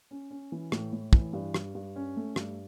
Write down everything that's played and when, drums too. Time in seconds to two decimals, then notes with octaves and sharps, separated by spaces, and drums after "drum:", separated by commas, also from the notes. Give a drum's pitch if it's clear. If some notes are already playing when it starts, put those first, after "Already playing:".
0.11 C#4
0.31 C#4
0.52 E3
0.72 A2, drum: rim click
0.93 A2
1.13 E3, drum: kick
1.33 G2
1.54 G2, drum: rim click
1.75 G2
1.96 C#4
2.16 A3
2.36 G2, drum: rim click